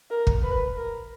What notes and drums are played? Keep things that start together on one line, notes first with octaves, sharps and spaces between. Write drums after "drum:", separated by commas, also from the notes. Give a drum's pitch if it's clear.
A#4
drum: kick
B4
A#4